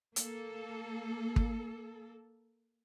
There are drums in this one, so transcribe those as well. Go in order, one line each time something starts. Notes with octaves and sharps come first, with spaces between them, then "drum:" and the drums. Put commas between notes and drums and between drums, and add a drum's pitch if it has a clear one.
A#3 A4, drum: hi-hat
drum: kick